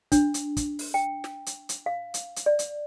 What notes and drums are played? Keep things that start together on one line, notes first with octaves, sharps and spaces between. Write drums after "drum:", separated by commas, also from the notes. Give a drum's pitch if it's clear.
D4, drum: kick, hi-hat
drum: hi-hat
drum: kick, hi-hat
drum: open hi-hat
G5
drum: snare
drum: hi-hat
drum: hi-hat
F5
drum: hi-hat
drum: hi-hat
D5
drum: hi-hat